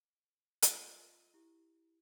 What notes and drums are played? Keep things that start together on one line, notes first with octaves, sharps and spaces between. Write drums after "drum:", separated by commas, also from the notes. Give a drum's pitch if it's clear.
F4 D#5, drum: hi-hat
E4 G4